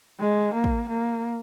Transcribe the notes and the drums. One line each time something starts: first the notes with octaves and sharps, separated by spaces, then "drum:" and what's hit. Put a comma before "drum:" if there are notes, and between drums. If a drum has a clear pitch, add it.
G#3
A#3
drum: kick
A#3